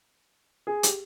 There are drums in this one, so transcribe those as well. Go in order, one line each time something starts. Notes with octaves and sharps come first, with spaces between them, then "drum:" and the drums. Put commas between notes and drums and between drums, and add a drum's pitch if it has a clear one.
G#4
G4, drum: hi-hat